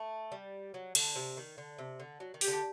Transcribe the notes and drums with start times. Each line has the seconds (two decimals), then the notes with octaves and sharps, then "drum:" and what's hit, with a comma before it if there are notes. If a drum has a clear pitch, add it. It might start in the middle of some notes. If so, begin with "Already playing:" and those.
Already playing: A3
0.32 G3
0.74 F#3
0.95 D3, drum: cymbal
1.16 C3
1.37 D#3
1.58 D3
1.78 C3
2.00 D3
2.20 F#3
2.34 D#3
2.41 G4, drum: open hi-hat
2.48 D3